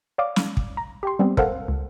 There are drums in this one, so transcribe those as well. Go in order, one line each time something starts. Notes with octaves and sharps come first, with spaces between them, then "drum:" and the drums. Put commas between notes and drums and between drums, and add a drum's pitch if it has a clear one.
C#5 D5 F5 D6
drum: snare
drum: kick
A#5
G4 G5 C6
G3 B3 C4
A4 A#4 C5 F5 F#5, drum: kick
C#2